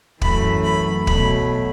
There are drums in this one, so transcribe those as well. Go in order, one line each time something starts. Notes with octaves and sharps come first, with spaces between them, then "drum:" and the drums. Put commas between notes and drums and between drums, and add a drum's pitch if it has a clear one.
F#2 E3 A3 B5, drum: kick
B5
B2 F#3 A3 B5, drum: kick